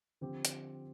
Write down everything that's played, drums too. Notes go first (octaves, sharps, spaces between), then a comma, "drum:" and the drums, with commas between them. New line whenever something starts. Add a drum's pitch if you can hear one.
D3 F3 C4 G4
drum: hi-hat